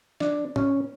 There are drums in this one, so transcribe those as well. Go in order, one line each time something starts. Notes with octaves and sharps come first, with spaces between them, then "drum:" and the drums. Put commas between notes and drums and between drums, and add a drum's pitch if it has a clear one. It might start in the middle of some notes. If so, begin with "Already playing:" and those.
D4, drum: snare
C#4, drum: tom